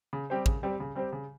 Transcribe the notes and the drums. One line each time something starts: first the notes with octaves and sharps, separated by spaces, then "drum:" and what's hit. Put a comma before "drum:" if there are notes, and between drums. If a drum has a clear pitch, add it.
C#3
G3 C4 G4 C5
C#3, drum: kick
G3 C4 G4 C5
C#3
G3 C4 G4 C5
C#3